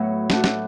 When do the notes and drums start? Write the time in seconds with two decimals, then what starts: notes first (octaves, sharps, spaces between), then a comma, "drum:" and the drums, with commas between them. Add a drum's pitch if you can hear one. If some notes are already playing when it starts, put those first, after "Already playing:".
Already playing: A2 F#3 B3
0.30 A3 D4 F#4, drum: snare
0.44 drum: snare